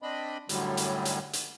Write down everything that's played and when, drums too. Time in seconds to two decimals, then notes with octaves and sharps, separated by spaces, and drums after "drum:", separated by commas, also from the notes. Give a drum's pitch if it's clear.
0.02 C4 D4 D#5 B5
0.49 F#2 A2 D3 F#3 G3, drum: hi-hat
0.77 drum: hi-hat
1.05 drum: hi-hat
1.33 drum: hi-hat